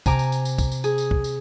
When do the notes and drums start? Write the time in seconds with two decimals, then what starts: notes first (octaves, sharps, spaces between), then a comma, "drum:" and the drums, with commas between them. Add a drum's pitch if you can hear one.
0.06 C3 G#5 A#5 D6, drum: kick, tambourine
0.19 drum: tambourine
0.32 drum: tambourine
0.45 drum: tambourine
0.58 drum: kick, tambourine
0.72 drum: tambourine
0.84 G#4, drum: tambourine
0.98 drum: tambourine
1.11 drum: kick
1.24 drum: tambourine